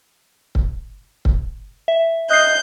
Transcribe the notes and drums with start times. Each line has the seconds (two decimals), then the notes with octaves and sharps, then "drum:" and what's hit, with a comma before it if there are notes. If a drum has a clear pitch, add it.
0.55 drum: kick C#1
1.25 drum: kick C#1
1.88 E5
2.30 D#5 F#6 G6 C7